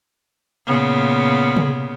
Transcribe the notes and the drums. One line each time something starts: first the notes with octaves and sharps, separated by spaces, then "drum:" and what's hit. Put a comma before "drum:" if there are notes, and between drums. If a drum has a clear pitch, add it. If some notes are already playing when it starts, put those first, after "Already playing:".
A#2 C#3 B3
drum: tom